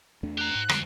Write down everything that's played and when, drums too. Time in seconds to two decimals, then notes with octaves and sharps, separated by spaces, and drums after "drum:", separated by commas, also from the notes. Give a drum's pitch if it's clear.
0.23 E2 A3 D4
0.38 G4 A#5 F#6
0.55 G#2
0.69 F2 D3 G3 G#3 C4, drum: rim click